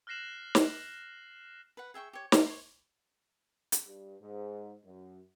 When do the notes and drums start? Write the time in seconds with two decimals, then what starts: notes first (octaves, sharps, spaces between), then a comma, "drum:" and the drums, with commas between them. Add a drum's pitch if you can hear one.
0.07 F6 F#6 A#6 C7 E7 F#7
0.55 drum: snare
1.77 B4 F#5
1.94 G#4 E5 G5 C#6
2.13 G4 C#5
2.32 F5 A#5, drum: snare
2.46 C5 C#5
3.72 drum: hi-hat
3.87 G2
4.22 G#2
4.85 F#2